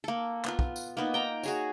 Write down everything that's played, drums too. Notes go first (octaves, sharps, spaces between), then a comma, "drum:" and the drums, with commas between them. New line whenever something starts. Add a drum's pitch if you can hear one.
A#3 A4
B3 F4, drum: clap
drum: kick
drum: tambourine
A#3 B3 D#4
G5 A#5
F#4 G#4 C#5, drum: tambourine